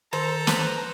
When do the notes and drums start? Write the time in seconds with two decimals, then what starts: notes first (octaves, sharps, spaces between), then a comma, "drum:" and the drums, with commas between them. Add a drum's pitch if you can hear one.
0.13 D#3 A4 C5 A#5
0.47 B4 C5 A5, drum: snare